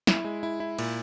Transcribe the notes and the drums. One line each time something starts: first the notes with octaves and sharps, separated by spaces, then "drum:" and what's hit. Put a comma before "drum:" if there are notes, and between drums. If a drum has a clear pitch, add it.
E4, drum: snare
G#3
E4
E4
A#2, drum: cymbal